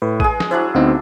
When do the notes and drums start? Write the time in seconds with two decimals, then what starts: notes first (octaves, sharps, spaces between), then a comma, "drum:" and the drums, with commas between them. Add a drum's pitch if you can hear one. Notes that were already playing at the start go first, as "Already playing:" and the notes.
0.02 A2 B4
0.20 G#3 G#4 D#7, drum: kick A1
0.40 drum: snare
0.51 F#3 D4 E4 C5 F#6
0.74 D2 B3 C4 D#4 F#4 F5